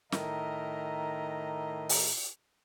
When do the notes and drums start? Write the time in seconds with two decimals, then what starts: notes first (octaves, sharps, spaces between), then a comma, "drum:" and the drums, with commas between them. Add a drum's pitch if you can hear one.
0.12 A2 D#3 A#4 D#5 E5 A#5, drum: snare
1.89 drum: open hi-hat